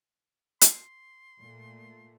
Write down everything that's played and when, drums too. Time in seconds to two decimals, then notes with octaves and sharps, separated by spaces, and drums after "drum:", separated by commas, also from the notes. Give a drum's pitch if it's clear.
0.61 C6, drum: hi-hat
1.41 A#2 A3